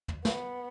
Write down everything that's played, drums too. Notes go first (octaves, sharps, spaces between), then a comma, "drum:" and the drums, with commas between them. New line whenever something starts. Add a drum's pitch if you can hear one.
drum: tom
B3, drum: snare